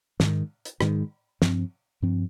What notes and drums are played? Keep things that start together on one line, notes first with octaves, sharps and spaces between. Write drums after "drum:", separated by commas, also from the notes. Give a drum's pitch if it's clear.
G#2 D#3 G#3, drum: snare
drum: hi-hat
G#2 D#3 G#3, drum: rim click
G2 F3 C4, drum: snare
G2 F3 C4